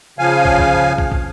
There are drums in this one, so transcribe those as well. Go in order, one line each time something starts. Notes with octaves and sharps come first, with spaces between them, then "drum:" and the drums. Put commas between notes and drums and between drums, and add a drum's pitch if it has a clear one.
C#3 F3 F5 G#5
drum: kick
drum: kick
drum: kick
drum: kick